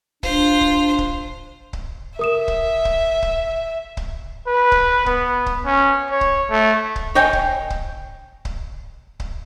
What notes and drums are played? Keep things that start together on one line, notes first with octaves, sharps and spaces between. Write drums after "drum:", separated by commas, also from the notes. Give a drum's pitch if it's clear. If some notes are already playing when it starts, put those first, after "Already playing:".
D4 F4 C5, drum: kick C#1
drum: kick C#1
drum: kick C#1
drum: kick C#1
A#4 E5 D#6 E7
drum: kick C#1
drum: kick C#1
drum: kick C#1
drum: kick C#1
B4
drum: kick C#1
B3, drum: kick C#1
drum: kick C#1
C#4
C#5
drum: kick C#1
A3
drum: kick C#1
C#5 D#5 G5 G#5
drum: kick C#1
drum: kick C#1
drum: kick C#1
drum: kick C#1